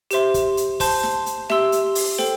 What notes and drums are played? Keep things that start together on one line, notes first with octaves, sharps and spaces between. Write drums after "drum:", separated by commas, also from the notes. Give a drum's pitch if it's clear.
G4 C5 E5 C6, drum: hi-hat
drum: kick, hi-hat
drum: hi-hat
C5 A5 C6 G6, drum: kick, open hi-hat
drum: snare
drum: hi-hat
G4 E5 C6 E6, drum: snare
drum: hi-hat
drum: open hi-hat
A4 C5 G5, drum: snare